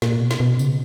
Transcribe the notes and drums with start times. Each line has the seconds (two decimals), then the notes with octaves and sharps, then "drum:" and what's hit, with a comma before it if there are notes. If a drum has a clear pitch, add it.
0.02 A#2, drum: snare
0.21 B2
0.31 drum: snare
0.40 B2
0.59 C#3, drum: tambourine